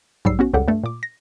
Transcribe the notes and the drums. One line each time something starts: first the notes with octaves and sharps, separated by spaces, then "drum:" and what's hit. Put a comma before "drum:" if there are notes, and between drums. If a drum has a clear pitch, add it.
G#2 F#3 G3 E6 C7, drum: kick
B3 C#4 F#4
C#2 F#2 C#3 G3 A4 F#5
G2 A3
A#2 D6
A#6